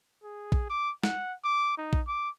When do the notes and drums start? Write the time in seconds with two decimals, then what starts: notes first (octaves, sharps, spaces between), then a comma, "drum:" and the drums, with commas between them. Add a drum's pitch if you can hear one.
0.23 G#4
0.52 drum: kick A#1
0.70 D6
1.03 F#5, drum: snare
1.44 D6
1.78 D#4
1.93 drum: kick A#1
2.07 D6